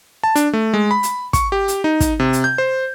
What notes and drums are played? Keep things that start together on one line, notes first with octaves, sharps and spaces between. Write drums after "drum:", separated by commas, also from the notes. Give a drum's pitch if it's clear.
A5
D4, drum: hi-hat
A3
G#3
B5
drum: hi-hat
C#6, drum: kick, hi-hat
G4
drum: hi-hat
D#4
drum: kick, hi-hat
C3
drum: hi-hat
G6
C5